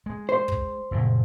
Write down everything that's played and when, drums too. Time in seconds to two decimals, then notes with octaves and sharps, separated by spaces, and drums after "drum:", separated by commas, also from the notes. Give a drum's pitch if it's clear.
0.06 G#3
0.29 C5
0.48 drum: kick
0.91 F#1 A#2 F3